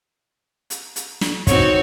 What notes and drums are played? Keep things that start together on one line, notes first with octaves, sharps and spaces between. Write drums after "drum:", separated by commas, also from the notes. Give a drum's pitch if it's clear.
drum: hi-hat
drum: hi-hat
drum: snare
C4 D#4 F#4 C#5, drum: kick, hi-hat